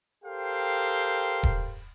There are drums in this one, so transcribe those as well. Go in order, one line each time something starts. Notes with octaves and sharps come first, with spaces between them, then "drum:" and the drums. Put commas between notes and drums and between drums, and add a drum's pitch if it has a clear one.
G4 A4 A#4 C5 F5 G5
drum: kick D#1